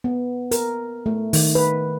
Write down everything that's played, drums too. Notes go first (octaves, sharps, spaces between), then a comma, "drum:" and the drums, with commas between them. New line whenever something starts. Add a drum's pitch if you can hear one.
B3
A#4, drum: hi-hat
A3
D#3, drum: open hi-hat
B4